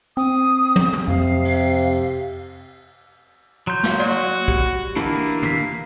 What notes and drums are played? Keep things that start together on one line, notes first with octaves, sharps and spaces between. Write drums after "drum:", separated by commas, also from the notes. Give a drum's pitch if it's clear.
C4 D#6, drum: hi-hat
drum: tom
drum: tom
F2 C3 F5
drum: cymbal
F#3 A#5 C6 G6
drum: snare
A#3 F#4 C#5 D5
G4, drum: kick
E3 A#3 D4 E4, drum: tom
B6 C7, drum: tom